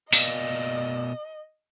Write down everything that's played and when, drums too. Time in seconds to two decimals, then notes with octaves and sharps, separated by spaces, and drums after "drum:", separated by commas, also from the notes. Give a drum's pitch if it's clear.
0.13 B2 D5 D#5 F5, drum: open hi-hat